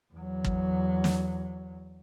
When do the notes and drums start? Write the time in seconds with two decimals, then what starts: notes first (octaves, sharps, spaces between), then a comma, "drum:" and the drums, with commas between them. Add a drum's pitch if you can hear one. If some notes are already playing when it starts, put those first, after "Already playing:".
0.15 E2 F#3
0.44 drum: kick
1.04 drum: snare